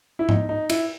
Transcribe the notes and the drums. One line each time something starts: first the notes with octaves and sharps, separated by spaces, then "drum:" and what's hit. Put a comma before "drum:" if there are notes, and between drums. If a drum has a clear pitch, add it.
E4
D#4, drum: tom G#2
D#4
E4, drum: cymbal